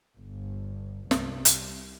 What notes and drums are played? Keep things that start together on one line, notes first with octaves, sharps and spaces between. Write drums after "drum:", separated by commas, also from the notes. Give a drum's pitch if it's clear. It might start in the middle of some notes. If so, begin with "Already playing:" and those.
G1
C2, drum: snare
drum: hi-hat